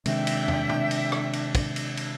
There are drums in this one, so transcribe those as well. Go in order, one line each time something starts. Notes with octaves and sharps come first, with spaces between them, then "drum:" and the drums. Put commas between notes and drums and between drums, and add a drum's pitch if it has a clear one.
C3 D#3 G#3 D4 E5 G5, drum: cymbal
drum: cymbal
drum: tom
drum: tom
drum: cymbal
drum: rim click
drum: cymbal
drum: kick, cymbal
drum: cymbal
drum: cymbal